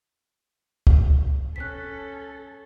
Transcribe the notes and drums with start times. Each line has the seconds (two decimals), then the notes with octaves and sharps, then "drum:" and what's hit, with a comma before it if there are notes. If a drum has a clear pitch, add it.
0.87 drum: kick
1.56 C#4 A4 F#6 B6